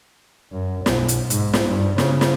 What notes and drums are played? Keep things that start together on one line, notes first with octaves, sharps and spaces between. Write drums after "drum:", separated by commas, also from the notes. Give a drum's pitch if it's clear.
F#2
B1, drum: snare
drum: hi-hat
G#2, drum: hi-hat
drum: snare
G2
C#3, drum: snare
drum: snare